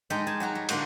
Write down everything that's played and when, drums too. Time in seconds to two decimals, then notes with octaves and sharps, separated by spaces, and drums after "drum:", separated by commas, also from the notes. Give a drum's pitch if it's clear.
0.10 G#3 D#4 G4 A4 D#5 G5
0.27 G#4 G#5 A5
0.40 F#3 D#4 F#4 A#5
0.55 G3
0.69 D3 A#3 F#4 C5, drum: cymbal